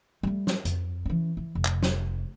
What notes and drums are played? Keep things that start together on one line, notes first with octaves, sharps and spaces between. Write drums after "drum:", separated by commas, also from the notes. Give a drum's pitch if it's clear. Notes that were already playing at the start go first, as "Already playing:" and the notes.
G3 A3
drum: snare
F2, drum: hi-hat
E3 C#4
E3
F1
drum: clap
drum: snare